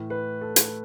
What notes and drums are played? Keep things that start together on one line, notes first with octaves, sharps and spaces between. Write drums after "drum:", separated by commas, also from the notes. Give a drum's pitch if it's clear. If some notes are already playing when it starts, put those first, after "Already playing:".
Already playing: A2 E3
B4
A4
drum: hi-hat